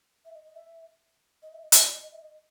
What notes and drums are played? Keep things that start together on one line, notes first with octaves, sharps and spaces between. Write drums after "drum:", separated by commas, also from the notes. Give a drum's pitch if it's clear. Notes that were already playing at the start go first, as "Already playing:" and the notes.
E5
D#5
D#5
E5
D#5
E5
D#5
D5, drum: hi-hat
D5
D#5
D#5
E5
D#5